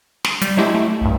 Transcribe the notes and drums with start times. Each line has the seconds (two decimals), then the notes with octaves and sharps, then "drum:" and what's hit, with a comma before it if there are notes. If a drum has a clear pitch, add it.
0.24 C7, drum: snare
0.42 G3, drum: hi-hat
0.57 F#3 G#3 A3 E4 G4
0.75 A3
1.01 C2 G2